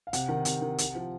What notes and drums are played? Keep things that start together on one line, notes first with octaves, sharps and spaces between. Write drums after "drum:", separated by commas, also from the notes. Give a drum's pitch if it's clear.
F5
C3 F#5, drum: hi-hat
D#3 F#5
C3, drum: hi-hat
D#3
C3, drum: hi-hat
F3